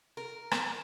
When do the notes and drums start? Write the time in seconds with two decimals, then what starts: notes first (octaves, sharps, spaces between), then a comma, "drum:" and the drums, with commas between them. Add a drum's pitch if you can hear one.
0.17 A#4
0.51 drum: rim click